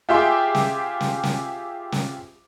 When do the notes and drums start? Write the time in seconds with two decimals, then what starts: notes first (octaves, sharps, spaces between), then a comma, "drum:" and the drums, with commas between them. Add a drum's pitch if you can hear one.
0.09 F4 G4 G#4 E5 G5 C6
0.55 drum: snare
1.00 drum: snare
1.23 drum: snare
1.92 drum: snare